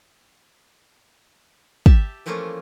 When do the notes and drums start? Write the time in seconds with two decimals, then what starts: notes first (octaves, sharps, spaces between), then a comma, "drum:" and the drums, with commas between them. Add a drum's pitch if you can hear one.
1.86 G4 E5 A5, drum: kick
2.26 E3 F3 A3 A#3 C#4 F4